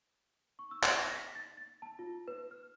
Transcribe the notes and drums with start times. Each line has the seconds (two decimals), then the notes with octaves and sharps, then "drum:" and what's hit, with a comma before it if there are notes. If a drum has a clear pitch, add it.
0.59 C#6
0.71 E6
0.83 D5, drum: clap
1.02 A#6
1.15 B6
1.35 A6
1.57 A6
1.82 A5
1.99 F4
2.28 B4
2.51 F6